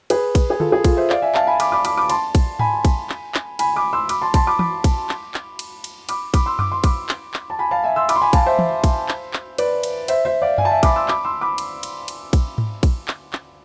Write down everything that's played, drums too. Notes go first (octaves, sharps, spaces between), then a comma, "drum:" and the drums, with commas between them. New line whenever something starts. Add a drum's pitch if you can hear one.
G#4 B4, drum: cymbal
drum: kick A#1, cymbal
G#4
F4 A4, drum: tom D3
G#4
F4, drum: kick A#1, cymbal
C5 E5
D5 F5, drum: clap
E5 G#5
F5 A5, drum: clap
G#5 B5
B5 D6, drum: cymbal
B5 D6
B5 D6, drum: cymbal
B5 D6
A5 C6, drum: cymbal
drum: kick A#1, cymbal
G#5 B5, drum: tom G#2
drum: kick A#1, cymbal
drum: clap
drum: clap
G#5 B5, drum: cymbal
B5 D6
C6 E6
B5 D6, drum: cymbal
A5 C6
A5 C6, drum: kick A#1, cymbal
B5 D6
B5 D6, drum: tom
drum: kick A#1, cymbal
drum: clap
drum: clap
drum: cymbal
drum: cymbal
B5 D6, drum: cymbal
B5 D6, drum: kick A#1, cymbal
C6 E6
D6, drum: tom F#2
C6
B5 D6, drum: kick A#1, cymbal
drum: clap
drum: clap
A5
G#5 B5
F5 A5
E5 G#5
C6 E6
B5 D6, drum: cymbal
C6
G#5 B5
F5 A5, drum: kick A#1, cymbal
C5 E5
drum: tom
drum: kick A#1, cymbal
drum: clap
drum: clap
B4 D5, drum: cymbal
drum: cymbal
C5 E5, drum: cymbal
C5 E5
D5 F5
E5 G#5, drum: tom F#2
A5
E5 G#5
B5 D6, drum: kick A#1, cymbal
C6 E6
B5 D6, drum: clap
C6 E6
B5 D6
drum: cymbal
drum: cymbal
drum: cymbal
drum: kick A#1, cymbal
drum: tom G#2
drum: kick A#1, cymbal
drum: clap
drum: clap